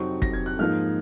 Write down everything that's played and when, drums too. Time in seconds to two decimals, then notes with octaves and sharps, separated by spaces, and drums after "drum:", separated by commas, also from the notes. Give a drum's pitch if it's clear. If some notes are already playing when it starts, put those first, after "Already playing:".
Already playing: F2 C3 F#3 C4 D#4 C#6
0.22 A#6, drum: kick
0.33 G#6
0.46 F#6
0.59 G#2 F3 A#3 D#4 F6